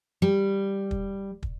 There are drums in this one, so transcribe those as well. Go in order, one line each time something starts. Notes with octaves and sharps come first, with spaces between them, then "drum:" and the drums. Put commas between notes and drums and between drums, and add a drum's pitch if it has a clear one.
G3
drum: kick
drum: kick